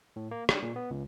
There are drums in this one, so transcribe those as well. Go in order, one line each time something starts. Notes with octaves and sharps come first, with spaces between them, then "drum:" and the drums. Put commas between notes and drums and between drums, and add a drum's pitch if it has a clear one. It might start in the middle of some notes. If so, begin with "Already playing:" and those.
A2
A#3
G3, drum: rim click
A#2
B3
C#2